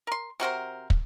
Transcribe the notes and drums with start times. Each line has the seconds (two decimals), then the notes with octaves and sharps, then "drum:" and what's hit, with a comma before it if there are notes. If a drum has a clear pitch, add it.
0.07 A#4 C6
0.40 C3 F#4 A#4 C5
0.90 drum: kick